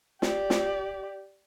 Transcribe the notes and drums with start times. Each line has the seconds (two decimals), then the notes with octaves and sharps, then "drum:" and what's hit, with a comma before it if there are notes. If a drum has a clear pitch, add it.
0.22 G4 D5, drum: snare
0.50 drum: snare